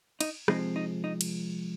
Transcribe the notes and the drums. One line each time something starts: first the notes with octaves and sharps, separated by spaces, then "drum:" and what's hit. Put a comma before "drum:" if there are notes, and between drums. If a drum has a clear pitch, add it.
D#4, drum: cymbal
C3 F3 G#3 C4 D#4, drum: rim click
D#4
D#4
drum: cymbal